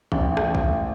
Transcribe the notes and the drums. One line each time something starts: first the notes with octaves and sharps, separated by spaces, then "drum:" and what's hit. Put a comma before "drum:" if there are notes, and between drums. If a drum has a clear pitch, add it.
A1, drum: kick
drum: rim click
drum: kick